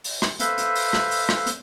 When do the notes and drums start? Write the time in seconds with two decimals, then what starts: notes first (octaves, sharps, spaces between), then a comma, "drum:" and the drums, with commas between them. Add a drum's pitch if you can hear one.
0.04 drum: open hi-hat
0.22 drum: rim click
0.40 A4 B4 C5 E5 F5, drum: hi-hat
0.58 drum: hi-hat
0.75 drum: open hi-hat
0.93 drum: rim click
1.11 drum: open hi-hat
1.29 drum: rim click
1.47 drum: hi-hat